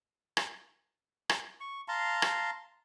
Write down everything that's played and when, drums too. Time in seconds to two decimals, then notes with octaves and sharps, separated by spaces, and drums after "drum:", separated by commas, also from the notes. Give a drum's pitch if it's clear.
0.37 drum: rim click
1.29 drum: rim click
1.60 C#6
1.88 F5 A5 A#5 C6
2.22 drum: rim click